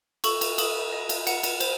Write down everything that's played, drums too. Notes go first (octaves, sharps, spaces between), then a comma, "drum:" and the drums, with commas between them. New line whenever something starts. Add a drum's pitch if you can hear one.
A4 C#6, drum: cymbal
drum: cymbal
A4 D#6, drum: cymbal
D#5
drum: cymbal
F#5, drum: cymbal
drum: cymbal
C5, drum: cymbal